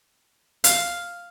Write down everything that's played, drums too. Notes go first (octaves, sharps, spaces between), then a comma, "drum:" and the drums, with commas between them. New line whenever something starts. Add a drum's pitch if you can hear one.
F5, drum: hi-hat